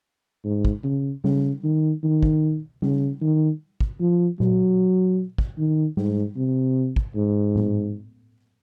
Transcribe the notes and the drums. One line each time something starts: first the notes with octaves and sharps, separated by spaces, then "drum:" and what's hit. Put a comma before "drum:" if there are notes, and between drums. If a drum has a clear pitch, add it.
G#2
drum: kick
C#3
C#3, drum: tom G3
D#3
D#3
drum: kick
C#3, drum: tom G3
D#3
drum: kick
F3
F#3, drum: tom A#2
drum: kick
D#3
G#2, drum: tom G3
C3
drum: kick
G#2
drum: tom A2